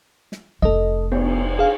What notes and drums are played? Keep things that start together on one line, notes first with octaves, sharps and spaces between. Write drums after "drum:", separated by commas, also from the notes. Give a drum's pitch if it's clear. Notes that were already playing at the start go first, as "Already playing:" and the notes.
drum: snare
F1 A3 A4 D#5
B3, drum: cymbal
G#4 F5